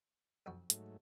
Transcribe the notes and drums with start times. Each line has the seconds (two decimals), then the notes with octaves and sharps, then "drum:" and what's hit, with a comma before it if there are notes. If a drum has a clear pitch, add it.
0.46 B1 F2 F#4
0.70 G#2 F#3 A3, drum: hi-hat